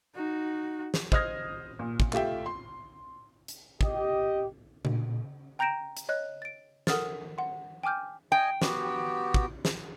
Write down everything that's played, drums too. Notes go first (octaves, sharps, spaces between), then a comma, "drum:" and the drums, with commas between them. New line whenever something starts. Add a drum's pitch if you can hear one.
D#4 F#4
drum: snare
C5 D#5 D#6 F6 G#6 A#6, drum: kick
A#2
drum: kick
A3 F4 G4 E5 G5, drum: clap
C6
drum: hi-hat
G4 D#5, drum: kick
A#2, drum: tom C#3
G5 A#5 G6 A#6 D7 E7
drum: hi-hat
C#5 D#5 F#6
A6 D7
A4 A#4 F#5 D#6 F6 A6, drum: snare
F#5 C6
G5 G#5 D6 F6 G6
D#5 G5 G#5
B3 F#4 G4, drum: snare
drum: kick
drum: snare